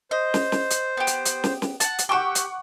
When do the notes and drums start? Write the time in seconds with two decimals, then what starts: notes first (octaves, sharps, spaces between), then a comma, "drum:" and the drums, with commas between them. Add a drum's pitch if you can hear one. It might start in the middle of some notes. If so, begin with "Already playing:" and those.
0.11 C5 D#5
0.34 drum: snare
0.52 drum: snare
0.70 drum: hi-hat
0.97 B3 G4
1.07 drum: hi-hat
1.25 drum: hi-hat
1.44 drum: snare
1.62 drum: snare
1.80 F#5 A5, drum: hi-hat
1.98 drum: hi-hat
2.09 G4 F#5 G5 C#6 D6 E6
2.35 drum: hi-hat